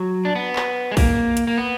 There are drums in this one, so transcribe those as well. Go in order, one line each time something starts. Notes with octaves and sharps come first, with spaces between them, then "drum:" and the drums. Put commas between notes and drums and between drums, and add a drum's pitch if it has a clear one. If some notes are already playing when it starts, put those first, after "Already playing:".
Already playing: F#3
D4
B3
drum: clap
G#3
A#3, drum: kick A#1, open hi-hat
drum: hi-hat
A#3
B3